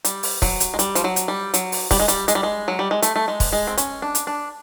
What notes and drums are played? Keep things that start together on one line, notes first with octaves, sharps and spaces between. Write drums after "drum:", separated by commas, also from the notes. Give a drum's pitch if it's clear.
G3, drum: hi-hat
drum: open hi-hat
F#3, drum: kick, open hi-hat
drum: hi-hat
G#3
G3, drum: hi-hat
F3, drum: hi-hat
F#3
drum: hi-hat
G3
F#3, drum: hi-hat
drum: open hi-hat
G3, drum: kick, open hi-hat
G#3
G3, drum: hi-hat
G#3, drum: hi-hat
G3
G#3
F#3
G3
G#3
A3, drum: hi-hat
A3
G#3
drum: kick, open hi-hat
G#3
C4
C#4, drum: hi-hat
D4
drum: hi-hat
D4